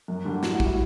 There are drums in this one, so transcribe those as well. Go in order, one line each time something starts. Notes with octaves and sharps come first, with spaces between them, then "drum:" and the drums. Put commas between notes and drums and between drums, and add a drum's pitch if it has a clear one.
F#2
D3 G3
G4
A2 F#4, drum: snare
F#4
G3, drum: kick
E4